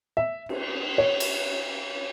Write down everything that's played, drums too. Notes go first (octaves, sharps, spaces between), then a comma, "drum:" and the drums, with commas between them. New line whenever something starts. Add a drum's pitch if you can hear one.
E5
drum: cymbal
C#5
drum: cymbal